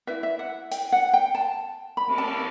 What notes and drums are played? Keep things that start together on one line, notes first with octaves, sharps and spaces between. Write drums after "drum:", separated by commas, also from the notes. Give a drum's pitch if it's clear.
E4 B4 E5
E5
F#5
G5, drum: hi-hat
F#5
G5
A5
B5
drum: cymbal
A5